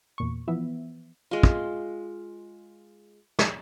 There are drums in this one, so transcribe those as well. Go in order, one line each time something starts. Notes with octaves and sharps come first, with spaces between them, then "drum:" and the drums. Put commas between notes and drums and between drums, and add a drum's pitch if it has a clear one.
E2 A#2 C#6
E3 F3 B3 E5
G#3 F4
drum: kick
drum: snare